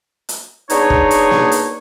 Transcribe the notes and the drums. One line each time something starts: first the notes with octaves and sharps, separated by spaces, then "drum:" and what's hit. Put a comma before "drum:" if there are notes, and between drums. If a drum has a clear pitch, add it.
drum: hi-hat
B3 D4 D#4 G#4 C#5, drum: hi-hat
drum: kick
drum: hi-hat
drum: snare A#3
drum: hi-hat